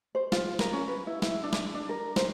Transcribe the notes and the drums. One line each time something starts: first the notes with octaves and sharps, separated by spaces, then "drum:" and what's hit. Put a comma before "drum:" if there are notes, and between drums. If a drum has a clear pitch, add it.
C5
F4, drum: snare
A#4, drum: snare
C#4
B4
E4
E4, drum: snare
D4
drum: snare
D4
A#4
C5, drum: snare